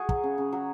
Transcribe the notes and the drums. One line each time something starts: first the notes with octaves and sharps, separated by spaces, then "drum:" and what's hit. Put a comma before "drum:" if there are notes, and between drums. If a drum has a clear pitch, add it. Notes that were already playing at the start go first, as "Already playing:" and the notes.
Already playing: F#4 G#4
F#3, drum: kick
C#3
C#3
F#3